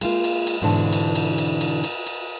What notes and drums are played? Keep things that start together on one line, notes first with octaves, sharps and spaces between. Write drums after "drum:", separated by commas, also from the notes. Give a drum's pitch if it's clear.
G#3 A#3 F4, drum: cymbal
drum: cymbal
drum: cymbal
G#2 B2 D3 E3 D4 A5
drum: cymbal
drum: cymbal
drum: cymbal
drum: cymbal
drum: cymbal
drum: cymbal